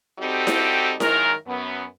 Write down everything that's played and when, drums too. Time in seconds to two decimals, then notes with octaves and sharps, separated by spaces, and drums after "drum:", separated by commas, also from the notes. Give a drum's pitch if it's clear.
0.19 G3 C4 D#4 F#4 G4 A4
0.47 drum: snare E4
1.00 F#2 D#3 G#3 A#4, drum: snare E4
1.47 F#2 B3